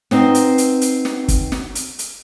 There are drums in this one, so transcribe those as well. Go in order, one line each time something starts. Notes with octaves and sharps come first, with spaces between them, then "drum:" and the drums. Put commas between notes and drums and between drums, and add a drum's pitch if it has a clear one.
B3 C4 D#4, drum: snare
drum: hi-hat
drum: hi-hat
drum: hi-hat
drum: snare
drum: kick, hi-hat
drum: snare
drum: hi-hat
drum: hi-hat